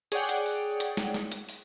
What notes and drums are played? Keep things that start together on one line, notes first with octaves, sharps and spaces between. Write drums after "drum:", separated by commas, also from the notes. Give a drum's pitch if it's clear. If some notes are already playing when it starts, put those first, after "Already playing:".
G#4 C#5 D5 F#5 G5, drum: hi-hat
drum: hi-hat
drum: open hi-hat
drum: hi-hat
drum: snare
drum: snare
drum: hi-hat
drum: open hi-hat